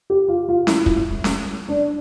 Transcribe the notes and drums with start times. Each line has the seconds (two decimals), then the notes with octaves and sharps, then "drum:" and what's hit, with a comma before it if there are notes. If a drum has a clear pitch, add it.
0.10 G4
0.28 F4
0.49 F4
0.67 E4, drum: snare C#4
0.86 drum: kick
1.24 drum: snare C#4
1.69 D4